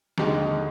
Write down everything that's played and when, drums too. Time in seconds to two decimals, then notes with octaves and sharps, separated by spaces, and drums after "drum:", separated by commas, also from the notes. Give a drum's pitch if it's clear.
0.18 D#2 D3 G#3 D#4 G4, drum: snare